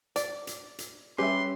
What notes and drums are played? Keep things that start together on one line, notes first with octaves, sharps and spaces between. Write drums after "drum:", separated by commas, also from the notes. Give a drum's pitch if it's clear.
D5, drum: hi-hat
drum: hi-hat
drum: hi-hat
G3 C#4 G4 B4 E5 C6